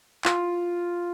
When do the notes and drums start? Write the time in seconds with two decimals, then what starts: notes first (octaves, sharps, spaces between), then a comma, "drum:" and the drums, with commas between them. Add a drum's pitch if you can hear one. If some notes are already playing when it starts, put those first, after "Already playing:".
0.25 F4, drum: clap